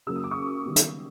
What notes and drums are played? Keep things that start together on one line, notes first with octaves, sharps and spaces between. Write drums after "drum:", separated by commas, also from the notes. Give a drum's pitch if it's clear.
C#3 F#3 A#3 E6
D#6
D6
C#6 D#6
D#3 G3 B3
drum: hi-hat